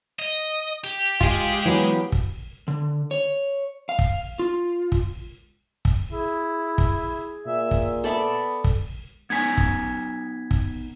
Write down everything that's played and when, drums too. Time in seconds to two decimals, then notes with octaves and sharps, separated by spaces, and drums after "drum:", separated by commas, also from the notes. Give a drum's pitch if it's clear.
0.19 D#5
0.84 G4
1.21 G#3 F4 G4 F5, drum: kick
1.66 E3 F#3 B3
2.12 drum: kick
2.68 D3
3.11 C#5
3.89 F5
3.99 drum: kick
4.39 F4
4.92 drum: kick
5.85 drum: kick
6.12 E4 G#4
6.78 drum: kick
7.46 A#2 E5
7.71 drum: kick
8.04 B3 A4 D5 E5
8.64 drum: kick
9.30 B3 D#4 G#5 G#6 B6
9.58 drum: kick
10.51 drum: kick